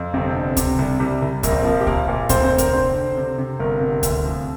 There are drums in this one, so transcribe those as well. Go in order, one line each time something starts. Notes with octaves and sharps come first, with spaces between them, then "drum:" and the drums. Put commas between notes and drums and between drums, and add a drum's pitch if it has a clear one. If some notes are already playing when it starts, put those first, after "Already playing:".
Already playing: F2
G1 C3 C4
D3
C3, drum: kick C#2, hi-hat
C2
C2 G3
C2
A#1 A#3, drum: kick C#2, hi-hat
C4
F3 A#3
G4
A#1 A#3 A#4, drum: kick C#2
A#2
F1 C4 C5, drum: kick C#2, hi-hat
C4 C5
F1
A#3 A#4, drum: kick C#2, hi-hat
D3 C4 C5
D3
C3
C3
G1 A#3 A#4
C3
D2, drum: kick C#2, hi-hat
F3